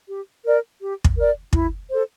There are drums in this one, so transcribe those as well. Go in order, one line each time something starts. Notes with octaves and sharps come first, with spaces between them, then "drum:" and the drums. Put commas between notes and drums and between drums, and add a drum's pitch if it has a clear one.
G4
A#4 D5
G4
drum: kick
A#4 D5
E4, drum: kick
A4 C5